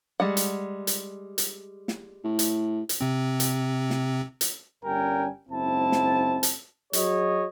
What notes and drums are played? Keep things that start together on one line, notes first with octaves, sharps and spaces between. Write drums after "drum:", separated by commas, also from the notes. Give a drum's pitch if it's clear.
G3 G#3 F#5
drum: hi-hat
drum: hi-hat
drum: hi-hat
drum: snare
A2
drum: hi-hat
drum: hi-hat
C3 C4
drum: hi-hat
drum: snare
drum: hi-hat
G1 G3 C#4 A#4 G5 G#5
F#1 G#2 C4 E4 A5
drum: snare
drum: hi-hat
F#3 F#4 G#4 C#5 D#5, drum: hi-hat